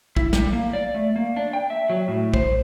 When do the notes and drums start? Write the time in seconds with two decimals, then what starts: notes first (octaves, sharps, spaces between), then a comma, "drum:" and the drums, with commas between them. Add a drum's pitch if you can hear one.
0.17 E4, drum: kick A#1
0.33 G3, drum: snare
0.53 A#3
0.73 D5
0.94 A3
1.16 A#3
1.36 D4
1.53 G5
1.70 E5
1.90 F#3
2.08 A2
2.34 C5, drum: kick A#1